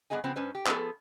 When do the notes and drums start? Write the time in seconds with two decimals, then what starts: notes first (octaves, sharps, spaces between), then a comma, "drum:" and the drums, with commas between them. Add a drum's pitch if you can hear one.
0.10 G2 G3 B3 G#4 D#5 G#5
0.24 C#3 F3 B3 C4
0.36 G2 C#4 B4 C5
0.55 G4
0.67 F3 B3 C#4 G#4 A4, drum: clap